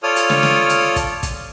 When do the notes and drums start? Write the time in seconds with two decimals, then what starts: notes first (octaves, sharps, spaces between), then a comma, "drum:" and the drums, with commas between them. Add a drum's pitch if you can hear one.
0.03 F4 A4 C#5 D5 D#6 F6
0.16 drum: hi-hat
0.30 drum: snare
0.43 drum: snare
0.70 drum: hi-hat
0.96 drum: kick, hi-hat
1.23 drum: kick, hi-hat